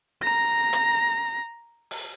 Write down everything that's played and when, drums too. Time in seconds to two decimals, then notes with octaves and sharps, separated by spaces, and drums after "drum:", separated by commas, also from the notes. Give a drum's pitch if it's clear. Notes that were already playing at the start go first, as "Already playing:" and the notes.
0.22 A#5 A#6
0.73 drum: hi-hat
1.91 drum: open hi-hat